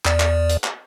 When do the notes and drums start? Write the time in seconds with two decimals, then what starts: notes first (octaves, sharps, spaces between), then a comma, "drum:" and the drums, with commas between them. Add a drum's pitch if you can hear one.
0.05 E2 D5, drum: clap
0.20 drum: clap
0.49 drum: hi-hat
0.64 drum: clap